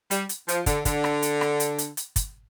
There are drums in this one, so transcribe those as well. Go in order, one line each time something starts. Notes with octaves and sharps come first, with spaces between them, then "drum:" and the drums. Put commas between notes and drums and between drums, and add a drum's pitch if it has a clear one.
G3, drum: hi-hat
drum: hi-hat
F3, drum: hi-hat
D3, drum: kick, hi-hat
D3, drum: kick, hi-hat
drum: rim click
drum: hi-hat
drum: rim click
drum: hi-hat
drum: hi-hat
drum: hi-hat
drum: kick, hi-hat